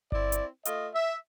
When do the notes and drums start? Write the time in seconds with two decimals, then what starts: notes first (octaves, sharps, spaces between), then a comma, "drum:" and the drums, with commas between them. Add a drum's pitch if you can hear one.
0.12 C4 E4 D5, drum: kick G1
0.32 drum: hi-hat
0.65 A3 F4 D#5, drum: hi-hat
0.94 E5